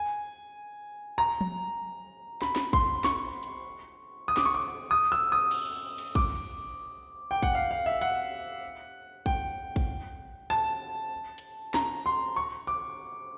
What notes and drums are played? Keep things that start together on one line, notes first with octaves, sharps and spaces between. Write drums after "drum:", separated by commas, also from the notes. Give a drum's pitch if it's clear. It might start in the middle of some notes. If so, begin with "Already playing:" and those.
Already playing: G#5
A#5
drum: tom F3
B5, drum: snare
drum: snare
C6, drum: kick
C#6, drum: snare
drum: hi-hat
D#6
D6, drum: snare
C#6
D6
D#6
E6
D#6
drum: cymbal
drum: cymbal
D6, drum: kick
G5
F#5, drum: kick
F5
F5
E5
F#5, drum: hi-hat
G5, drum: kick
drum: kick
A5
drum: hi-hat
A#5, drum: snare
C6
C#6
D6